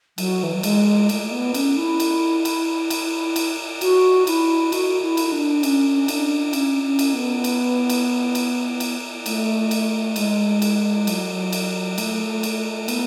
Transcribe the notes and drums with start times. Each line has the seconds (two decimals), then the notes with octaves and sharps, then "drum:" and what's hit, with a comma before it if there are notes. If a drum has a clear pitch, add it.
0.18 F#3, drum: cymbal
0.43 E3
0.54 F#3
0.63 G#3, drum: cymbal
1.09 A3, drum: cymbal
1.22 A3
1.31 B3
1.54 C#4, drum: cymbal
1.77 E4
2.00 drum: cymbal
2.45 drum: cymbal
2.90 drum: cymbal
3.36 drum: cymbal
3.81 F#4, drum: cymbal
4.27 E4, drum: cymbal
4.72 F#4, drum: cymbal
5.02 E4
5.17 drum: cymbal
5.27 E4
5.32 D4
5.63 C#4, drum: cymbal
6.08 D4, drum: cymbal
6.53 C#4, drum: cymbal
6.83 C#4
6.99 drum: cymbal
7.14 B3
7.44 drum: cymbal
7.90 drum: cymbal
8.35 drum: cymbal
8.80 drum: cymbal
9.26 A3, drum: cymbal
9.71 drum: cymbal
10.16 G#3, drum: cymbal
10.62 drum: cymbal
11.07 F#3, drum: cymbal
11.52 drum: cymbal
11.98 A3, drum: cymbal
12.43 drum: cymbal
12.88 B3, drum: cymbal